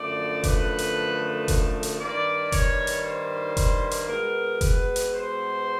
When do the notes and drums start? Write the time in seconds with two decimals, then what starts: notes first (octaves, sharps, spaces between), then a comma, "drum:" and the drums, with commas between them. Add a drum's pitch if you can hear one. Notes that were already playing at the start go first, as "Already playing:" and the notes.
Already playing: F#2 D3 F3 A3 D5
0.44 B4, drum: kick F1, hi-hat
0.78 drum: hi-hat
1.48 drum: kick F1, hi-hat
1.83 drum: hi-hat
2.00 G2 D#3 G3 A#3 D5
2.52 C#5, drum: kick F1, hi-hat
2.87 drum: hi-hat
3.05 C5
3.57 drum: kick F1, hi-hat
3.91 drum: hi-hat
4.08 B2 G#3 B3 A#4
4.61 B4, drum: kick F1, hi-hat
4.96 drum: hi-hat
5.14 C5